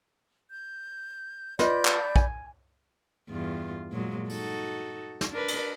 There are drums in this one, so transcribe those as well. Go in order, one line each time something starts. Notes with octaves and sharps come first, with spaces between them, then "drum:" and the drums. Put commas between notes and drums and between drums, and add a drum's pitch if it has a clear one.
G6
F4 B4 D5 D#5 B5 G6, drum: snare
drum: clap
G#5, drum: kick
E2 G2 F4
A#2 F#3 G#3
D#4 F#4 A4, drum: open hi-hat
drum: snare
D4 A#4 B4
drum: cymbal